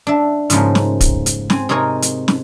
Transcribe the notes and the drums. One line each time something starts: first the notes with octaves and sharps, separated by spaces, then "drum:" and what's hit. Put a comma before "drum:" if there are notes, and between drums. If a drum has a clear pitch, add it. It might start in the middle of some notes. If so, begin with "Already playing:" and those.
D4 E5
G#2 C#3 F3 A3 A#3, drum: hi-hat
drum: snare
drum: kick, hi-hat
drum: hi-hat
C4 G#5, drum: snare
C3 D#4 G#4 A#4 C#5 G#5
drum: hi-hat
drum: snare